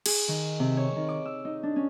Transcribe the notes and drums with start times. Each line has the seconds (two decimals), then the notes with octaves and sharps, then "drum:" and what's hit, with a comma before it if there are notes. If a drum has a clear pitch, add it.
0.06 G#4, drum: cymbal
0.28 D#3
0.60 C3
0.77 C#5
0.96 D#3
1.08 D6
1.25 E6
1.45 D#4
1.63 D4
1.76 C#4